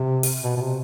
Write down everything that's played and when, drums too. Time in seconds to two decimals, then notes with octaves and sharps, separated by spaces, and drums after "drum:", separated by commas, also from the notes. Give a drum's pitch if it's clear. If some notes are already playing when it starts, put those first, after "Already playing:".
Already playing: C3
0.23 drum: open hi-hat
0.44 B2
0.57 B2
0.61 C3